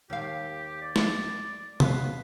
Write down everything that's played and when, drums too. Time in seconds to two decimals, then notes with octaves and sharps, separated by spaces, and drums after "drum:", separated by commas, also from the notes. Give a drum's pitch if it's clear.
0.10 D#2 G4 F5
0.81 D5
0.96 drum: snare
1.80 B3 B4 F5, drum: tom